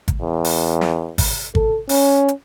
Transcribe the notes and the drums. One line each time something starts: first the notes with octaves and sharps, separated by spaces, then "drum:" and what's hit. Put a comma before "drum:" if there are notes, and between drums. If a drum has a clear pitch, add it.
drum: kick, hi-hat
E2
drum: open hi-hat
drum: snare
drum: kick, open hi-hat
A4, drum: kick
C#4, drum: open hi-hat
drum: hi-hat